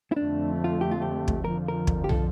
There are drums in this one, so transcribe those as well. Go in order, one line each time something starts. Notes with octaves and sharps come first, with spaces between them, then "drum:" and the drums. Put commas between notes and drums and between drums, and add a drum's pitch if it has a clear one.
E4
F2 D3 A3 C4 D4
F4
G4
F4
G4
drum: kick
F2 D3 F3 A#4
A#4
drum: kick
G4
A4, drum: tom